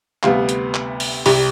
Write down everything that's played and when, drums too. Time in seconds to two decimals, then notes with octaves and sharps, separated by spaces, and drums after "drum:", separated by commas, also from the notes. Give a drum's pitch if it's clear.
0.23 D2 C3 G3 B3 F5, drum: clap
0.49 drum: hi-hat
0.74 drum: clap
1.00 drum: open hi-hat
1.26 C2 C3 G3, drum: open hi-hat